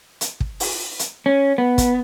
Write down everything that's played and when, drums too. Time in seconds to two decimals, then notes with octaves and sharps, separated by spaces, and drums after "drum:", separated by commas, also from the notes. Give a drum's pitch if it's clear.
0.21 drum: hi-hat
0.40 drum: kick
0.60 drum: open hi-hat
0.99 drum: hi-hat
1.26 C#4
1.58 B3
1.78 drum: kick, hi-hat